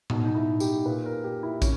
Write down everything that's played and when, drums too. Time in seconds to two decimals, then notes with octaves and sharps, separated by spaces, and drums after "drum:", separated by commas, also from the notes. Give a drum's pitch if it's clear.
0.10 B2 D#4, drum: tom A2
0.24 D#4
0.35 E4
0.60 G4, drum: tambourine
0.86 A#2 B4
1.06 A#4
1.24 G4
1.43 E4
1.62 C#4, drum: kick, tambourine